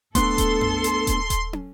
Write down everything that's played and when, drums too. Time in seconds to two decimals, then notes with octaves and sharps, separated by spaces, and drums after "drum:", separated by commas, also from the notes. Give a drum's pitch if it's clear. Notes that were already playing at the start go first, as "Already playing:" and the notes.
0.15 A3 B3 D4 A4 C6, drum: kick D#1, hi-hat
0.38 drum: kick D#1, hi-hat
0.61 drum: tom F2
0.84 drum: hi-hat
1.07 drum: kick D#1, hi-hat
1.30 drum: kick D#1, hi-hat
1.53 drum: tom